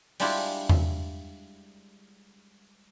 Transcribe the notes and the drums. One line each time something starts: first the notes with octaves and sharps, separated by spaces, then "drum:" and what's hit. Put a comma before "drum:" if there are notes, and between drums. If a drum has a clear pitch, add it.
G3 G#3 D4 E4 F4 G4, drum: open hi-hat
drum: tom E2